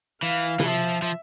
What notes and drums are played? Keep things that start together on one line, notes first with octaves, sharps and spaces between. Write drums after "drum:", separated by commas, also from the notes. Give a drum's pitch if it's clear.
E3 F5
E3, drum: tom C3
F3 E5
F3